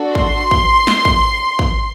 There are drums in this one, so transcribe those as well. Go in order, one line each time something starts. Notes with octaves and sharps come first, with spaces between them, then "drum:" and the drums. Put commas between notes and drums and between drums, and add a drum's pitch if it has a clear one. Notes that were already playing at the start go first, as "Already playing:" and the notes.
Already playing: D4 F#4 A4
C6, drum: kick
drum: kick
drum: snare
drum: kick
drum: kick